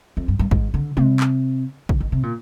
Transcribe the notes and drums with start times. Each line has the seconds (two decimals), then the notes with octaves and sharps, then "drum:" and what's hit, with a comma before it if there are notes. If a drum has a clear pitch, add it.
0.17 F2
0.28 G2
0.39 G2
0.51 G#2, drum: kick
0.74 D3
0.97 C3, drum: tom G3
1.20 drum: clap
1.89 D3, drum: kick
2.00 D#3
2.12 C3
2.23 A#2